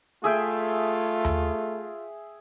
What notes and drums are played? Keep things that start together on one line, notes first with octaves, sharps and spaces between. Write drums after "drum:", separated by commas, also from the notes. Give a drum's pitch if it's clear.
A3 F4 G#4 E5 G5
drum: tom D#2